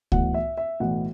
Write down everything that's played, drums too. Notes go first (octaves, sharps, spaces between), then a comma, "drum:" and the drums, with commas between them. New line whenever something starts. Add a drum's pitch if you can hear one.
B1 A2 E3 F#5, drum: kick C#2
E5
E5
B1 A2 E3 F#5